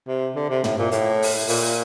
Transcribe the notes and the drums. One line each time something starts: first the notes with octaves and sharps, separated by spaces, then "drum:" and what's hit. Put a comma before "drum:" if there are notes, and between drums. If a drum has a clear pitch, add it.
C3
D3
C3
A2, drum: tom
A#2
A2, drum: hi-hat
drum: open hi-hat
A#2, drum: open hi-hat